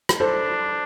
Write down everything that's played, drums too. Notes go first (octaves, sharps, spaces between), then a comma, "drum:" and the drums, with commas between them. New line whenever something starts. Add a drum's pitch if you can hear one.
drum: rim click
D4 A4 C5